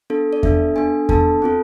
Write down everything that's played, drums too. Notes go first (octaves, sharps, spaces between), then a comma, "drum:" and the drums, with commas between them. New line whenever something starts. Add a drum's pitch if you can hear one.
B3 D4 A4
D5
B3 D4 A4 E5, drum: kick E2
B3 D4 A4 G#5
B3 D4 A4 A5, drum: kick E2
C4 F4 A4